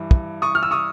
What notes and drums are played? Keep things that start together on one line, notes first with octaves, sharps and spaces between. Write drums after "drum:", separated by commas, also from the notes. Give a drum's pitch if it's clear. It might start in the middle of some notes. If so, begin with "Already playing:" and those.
Already playing: G2 E3
drum: kick
C#6 D#6
F6
E6
C#6 D#6